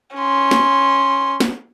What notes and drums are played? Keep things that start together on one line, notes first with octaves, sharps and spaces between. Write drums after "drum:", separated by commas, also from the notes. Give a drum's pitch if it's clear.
C#4 C6
drum: snare
drum: snare